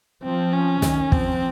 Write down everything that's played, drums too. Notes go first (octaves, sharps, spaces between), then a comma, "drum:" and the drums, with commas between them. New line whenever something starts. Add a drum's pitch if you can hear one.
F3 C4
C#4
D#3, drum: snare
F3 C4, drum: kick